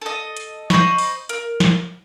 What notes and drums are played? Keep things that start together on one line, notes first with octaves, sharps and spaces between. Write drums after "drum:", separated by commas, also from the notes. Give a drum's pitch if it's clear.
A4 D#5
drum: hi-hat
C5 D#5 B5 C#6, drum: snare
drum: open hi-hat
A#4, drum: hi-hat
drum: snare